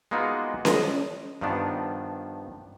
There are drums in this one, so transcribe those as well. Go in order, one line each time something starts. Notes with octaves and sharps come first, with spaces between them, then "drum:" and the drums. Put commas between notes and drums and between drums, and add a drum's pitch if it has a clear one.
G#3 A#3 B3 D#4 F4 F#4
D#5, drum: snare C#4
G2 D#3 F3 B3 D4